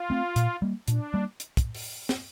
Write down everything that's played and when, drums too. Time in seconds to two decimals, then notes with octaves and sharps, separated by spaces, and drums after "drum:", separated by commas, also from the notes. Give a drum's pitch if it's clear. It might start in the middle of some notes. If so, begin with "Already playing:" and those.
Already playing: F4
0.10 A3 C4
0.36 A#2, drum: hi-hat
0.62 G3 A#3
0.88 A#2 D4, drum: hi-hat
1.14 G3 A#3
1.40 drum: hi-hat
1.57 drum: kick, hi-hat
1.75 drum: open hi-hat
2.09 drum: snare